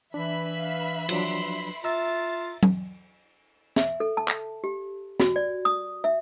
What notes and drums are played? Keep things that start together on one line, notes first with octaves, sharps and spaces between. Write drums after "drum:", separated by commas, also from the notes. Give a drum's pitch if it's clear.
E3 D4 B4 E5 B5
F5
F3 F#3 D4 C6, drum: cymbal
F4 E5 A#5 E6 A6
drum: tom F#3
E5, drum: snare
A4
A5
drum: clap
G4
F#4, drum: snare
D5
D#6
E5